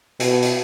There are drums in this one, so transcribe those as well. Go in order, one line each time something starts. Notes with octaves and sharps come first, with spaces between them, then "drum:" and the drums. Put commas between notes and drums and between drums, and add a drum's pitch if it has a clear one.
B2, drum: hi-hat
drum: hi-hat